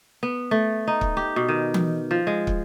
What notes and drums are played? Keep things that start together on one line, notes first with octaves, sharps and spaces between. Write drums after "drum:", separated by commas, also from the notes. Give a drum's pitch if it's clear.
B3
A3
D#4
drum: kick
G4
B2
D#3
drum: tom E3
F3
G#3
drum: kick